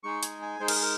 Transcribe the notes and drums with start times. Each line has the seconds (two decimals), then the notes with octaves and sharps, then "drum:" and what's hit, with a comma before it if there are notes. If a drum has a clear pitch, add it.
0.04 G#3 D#4 G#4 C#6
0.23 G#5, drum: hi-hat
0.42 G#5
0.60 G#3 D#4 G#4 C5
0.68 A#4, drum: cymbal
0.76 G#4
0.82 A#4